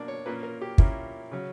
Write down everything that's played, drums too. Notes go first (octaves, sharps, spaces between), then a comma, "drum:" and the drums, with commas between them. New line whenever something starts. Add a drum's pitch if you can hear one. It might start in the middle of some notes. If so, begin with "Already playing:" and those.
Already playing: B2 A#3 D4 D5
C#5
A#2 A#3 C#4 B4
A#4
G4
A#2 A#3 C#4 E4, drum: kick
C#3 F#3 C#4